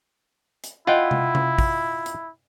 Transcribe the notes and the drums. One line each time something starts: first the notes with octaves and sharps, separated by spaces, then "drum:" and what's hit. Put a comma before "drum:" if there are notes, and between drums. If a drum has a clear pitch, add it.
drum: hi-hat
E4 F4 D#5 F#5 G5
drum: tom C3
drum: tom C3
drum: kick, open hi-hat
drum: hi-hat